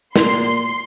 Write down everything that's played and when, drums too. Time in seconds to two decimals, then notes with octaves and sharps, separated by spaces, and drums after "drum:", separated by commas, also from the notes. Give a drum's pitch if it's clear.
0.16 A#2 C6, drum: snare